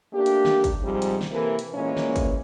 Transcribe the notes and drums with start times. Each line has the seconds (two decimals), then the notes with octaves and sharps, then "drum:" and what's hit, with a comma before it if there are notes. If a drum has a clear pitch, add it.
0.13 A3 A#3 D4 G4
0.26 drum: hi-hat
0.45 drum: snare
0.64 drum: kick, hi-hat
0.83 G#2 C3 F3 G3
1.02 drum: hi-hat
1.21 drum: snare
1.31 C3 E3 A#3 A4 A#4
1.59 drum: hi-hat
1.73 A#2 E3 G#3 A#3 C#4
1.97 drum: snare
2.16 drum: kick, hi-hat